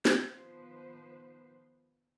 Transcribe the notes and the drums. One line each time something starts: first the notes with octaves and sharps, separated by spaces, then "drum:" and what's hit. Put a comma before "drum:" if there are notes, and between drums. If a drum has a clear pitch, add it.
drum: snare
D#3 F3 B3 B4 C5